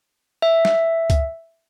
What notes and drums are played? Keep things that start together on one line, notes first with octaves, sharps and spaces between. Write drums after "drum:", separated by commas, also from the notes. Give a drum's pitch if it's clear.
E5
drum: snare
drum: kick C#2, hi-hat